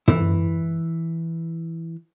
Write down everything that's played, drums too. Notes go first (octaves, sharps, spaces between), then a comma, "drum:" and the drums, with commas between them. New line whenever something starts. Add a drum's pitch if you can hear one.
E3 E4, drum: tom